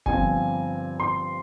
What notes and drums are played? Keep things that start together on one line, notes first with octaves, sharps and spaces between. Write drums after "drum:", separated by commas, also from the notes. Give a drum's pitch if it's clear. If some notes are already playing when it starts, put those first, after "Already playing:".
G1 G2 F3 C4 G#5, drum: kick F#1
C6